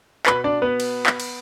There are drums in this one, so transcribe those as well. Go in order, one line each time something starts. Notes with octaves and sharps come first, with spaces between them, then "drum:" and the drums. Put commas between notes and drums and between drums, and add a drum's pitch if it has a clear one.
B2 B4 B5, drum: clap
D4 D5
B3 B4
drum: cymbal
drum: clap
drum: cymbal